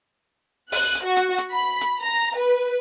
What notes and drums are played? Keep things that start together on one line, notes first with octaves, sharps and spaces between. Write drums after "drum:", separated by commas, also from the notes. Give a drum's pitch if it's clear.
F#6, drum: open hi-hat
drum: hi-hat
F#4
drum: hi-hat
drum: hi-hat
B5
drum: hi-hat
A#5
B4